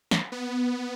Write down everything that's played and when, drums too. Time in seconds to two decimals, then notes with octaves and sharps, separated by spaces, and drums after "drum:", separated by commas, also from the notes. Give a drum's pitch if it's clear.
0.11 drum: snare
0.32 B3